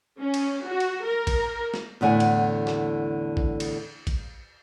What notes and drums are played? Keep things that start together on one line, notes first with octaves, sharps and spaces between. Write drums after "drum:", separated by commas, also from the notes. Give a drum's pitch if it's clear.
C#4
drum: cymbal
F#4
drum: cymbal
A#4
drum: kick A1, cymbal
drum: snare
E2 A2 D3 F#5 G#5
drum: cymbal
drum: snare
drum: kick A1
drum: cymbal
drum: kick A1, cymbal